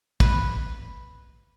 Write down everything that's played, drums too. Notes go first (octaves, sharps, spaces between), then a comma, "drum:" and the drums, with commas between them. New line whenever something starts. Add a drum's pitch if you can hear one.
B4, drum: kick